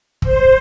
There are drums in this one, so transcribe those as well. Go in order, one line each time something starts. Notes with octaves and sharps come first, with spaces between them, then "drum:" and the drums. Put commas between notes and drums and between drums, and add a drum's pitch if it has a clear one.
C5, drum: kick